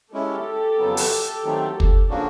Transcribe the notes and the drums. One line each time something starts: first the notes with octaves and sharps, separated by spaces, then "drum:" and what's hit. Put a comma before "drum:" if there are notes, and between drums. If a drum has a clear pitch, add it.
G#3 C#4 E4 G4 A4
F2 C#3 F#3 B3
drum: open hi-hat
D#3 F#3 A3 C4
drum: kick
C#3 F3 A#3 D4 F#4